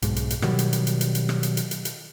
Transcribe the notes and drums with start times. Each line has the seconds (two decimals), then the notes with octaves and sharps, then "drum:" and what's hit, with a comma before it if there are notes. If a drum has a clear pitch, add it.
0.02 B1 G#2, drum: hi-hat
0.16 drum: hi-hat
0.30 drum: hi-hat
0.42 B2 D#3 F#3 G3, drum: rim click
0.59 drum: hi-hat
0.73 drum: hi-hat
0.87 drum: hi-hat
1.01 drum: hi-hat
1.15 drum: hi-hat
1.29 drum: rim click
1.43 drum: hi-hat
1.57 drum: hi-hat
1.71 drum: hi-hat
1.85 drum: hi-hat